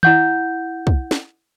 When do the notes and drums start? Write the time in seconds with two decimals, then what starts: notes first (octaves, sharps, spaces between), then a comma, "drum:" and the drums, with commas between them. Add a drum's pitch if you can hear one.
0.03 E4 F#5 G6, drum: tom D#3
0.87 drum: kick
1.11 drum: snare